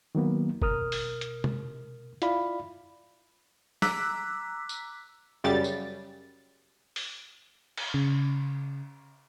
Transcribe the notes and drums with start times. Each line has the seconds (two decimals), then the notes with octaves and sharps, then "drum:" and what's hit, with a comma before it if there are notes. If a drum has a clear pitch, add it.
0.15 D#3 F#3 A#3 B3
0.62 B2 A#4 D#6 F6, drum: kick
0.92 drum: open hi-hat
1.21 drum: hi-hat
1.44 drum: tom C3
2.22 E4 F4 D5 F5 B5, drum: hi-hat
3.82 A#5 D6 E6 F#6 B6, drum: snare
4.69 drum: tambourine
5.44 F#2 C#3 G3 A6
5.64 drum: tambourine
6.96 drum: open hi-hat
7.77 drum: cymbal
7.94 C#3